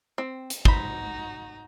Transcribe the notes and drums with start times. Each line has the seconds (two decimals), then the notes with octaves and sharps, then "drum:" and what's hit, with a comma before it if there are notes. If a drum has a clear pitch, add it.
0.18 C4
0.50 drum: hi-hat
0.65 D#4 F#4 C5 B5, drum: kick